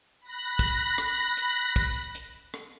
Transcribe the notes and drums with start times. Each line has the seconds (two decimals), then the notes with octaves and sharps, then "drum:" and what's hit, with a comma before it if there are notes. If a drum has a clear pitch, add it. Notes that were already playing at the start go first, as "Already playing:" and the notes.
0.20 B5 F#6 A#6
0.59 drum: kick, hi-hat
0.98 drum: rim click
1.37 drum: hi-hat
1.76 drum: kick
2.15 drum: hi-hat
2.54 drum: rim click